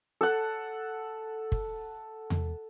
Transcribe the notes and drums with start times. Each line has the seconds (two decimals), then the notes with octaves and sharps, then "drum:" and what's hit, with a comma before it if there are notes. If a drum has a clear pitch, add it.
0.21 A4 F#5
1.52 drum: kick
2.30 drum: tom E2